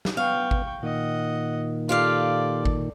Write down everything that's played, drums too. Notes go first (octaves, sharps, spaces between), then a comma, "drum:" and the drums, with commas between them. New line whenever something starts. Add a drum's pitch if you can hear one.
drum: snare
B3 F5 G5 C#6
drum: kick G#1
A#2 D#3 D#5 F#5
F4 G4 A4 D5 F5
drum: kick G#1